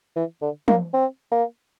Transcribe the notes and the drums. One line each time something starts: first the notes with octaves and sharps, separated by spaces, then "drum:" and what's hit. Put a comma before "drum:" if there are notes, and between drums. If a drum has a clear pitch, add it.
E3
D3
A#3, drum: tom
C4
A#3